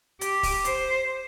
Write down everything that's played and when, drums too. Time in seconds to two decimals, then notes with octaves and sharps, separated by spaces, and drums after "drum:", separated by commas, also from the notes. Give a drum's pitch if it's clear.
0.21 G4, drum: hi-hat
0.43 drum: kick, open hi-hat
0.65 C5, drum: hi-hat